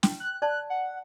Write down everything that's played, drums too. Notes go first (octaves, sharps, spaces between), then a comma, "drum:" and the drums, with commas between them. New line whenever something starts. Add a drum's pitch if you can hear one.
G5, drum: snare
F#6
D5 A5 F#6
F#5